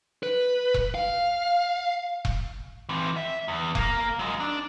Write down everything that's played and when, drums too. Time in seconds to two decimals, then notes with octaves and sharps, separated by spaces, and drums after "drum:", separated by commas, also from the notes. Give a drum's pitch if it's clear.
0.23 B4
0.74 drum: kick E1
0.95 F5
2.25 drum: kick E1
2.89 E3 C4
3.17 E5
3.48 E2
3.75 A#3 A#4, drum: kick E1
4.19 F#3 G#3
4.40 D4